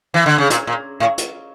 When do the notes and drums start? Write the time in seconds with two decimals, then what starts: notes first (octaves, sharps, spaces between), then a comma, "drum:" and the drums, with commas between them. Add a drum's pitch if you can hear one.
0.14 E3
0.26 D3
0.38 C#3
0.50 A#2, drum: hi-hat
0.67 A#2
1.00 A2
1.18 drum: hi-hat